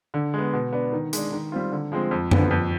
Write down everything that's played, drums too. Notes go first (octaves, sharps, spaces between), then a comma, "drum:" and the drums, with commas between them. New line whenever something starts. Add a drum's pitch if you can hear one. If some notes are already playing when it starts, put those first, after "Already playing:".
D3
G#3 B3
B2
B3 D4
D#3
G#3 D4, drum: hi-hat
D#3
G3 C4 F4
D3
F3 G#3 C4
F2
D3 F3 B3, drum: tom F#2
F2